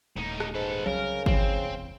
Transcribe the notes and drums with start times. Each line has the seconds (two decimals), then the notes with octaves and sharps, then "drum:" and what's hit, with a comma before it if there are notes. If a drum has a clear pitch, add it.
0.16 D#1 A2 D#4
0.40 drum: rim click
0.55 G#2 A4 B4
0.86 C2 C#3 F#3 A#4
1.26 E1 C3 E3 C4, drum: kick G1